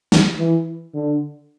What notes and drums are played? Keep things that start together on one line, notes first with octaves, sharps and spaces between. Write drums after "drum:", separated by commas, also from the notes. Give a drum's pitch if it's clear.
drum: snare
E3
D3